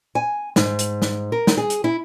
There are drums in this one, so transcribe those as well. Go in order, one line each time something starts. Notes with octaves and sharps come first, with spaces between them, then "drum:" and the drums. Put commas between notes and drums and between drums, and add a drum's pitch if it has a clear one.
G#5
G#2, drum: snare
drum: hi-hat
drum: snare
A#4
drum: snare
G#4
drum: hi-hat
E4